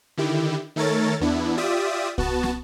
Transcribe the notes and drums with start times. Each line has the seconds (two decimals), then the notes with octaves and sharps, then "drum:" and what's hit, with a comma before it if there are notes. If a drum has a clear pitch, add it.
0.17 D3 D#3 E4 G4
0.76 D#3 A3 A4 A#4 C#5 A6
1.21 E2 B3 D4 E4
1.57 F4 G4 D5 E5 D#6
2.18 B3 F#4 A5, drum: kick C2
2.43 drum: snare